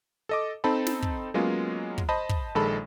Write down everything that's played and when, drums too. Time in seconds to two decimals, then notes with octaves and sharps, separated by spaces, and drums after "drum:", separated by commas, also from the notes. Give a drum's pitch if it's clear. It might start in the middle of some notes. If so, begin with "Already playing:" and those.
0.29 A4 D#5 D6
0.64 C4 D#4 A4 A5 B5
0.87 drum: snare
1.02 drum: kick
1.34 F#3 G#3 A#3 B3 C#4 F4
1.98 drum: kick
2.09 C5 D#5 A5 B5
2.29 drum: kick
2.55 A#1 D#3 G#3 A4 A5 B5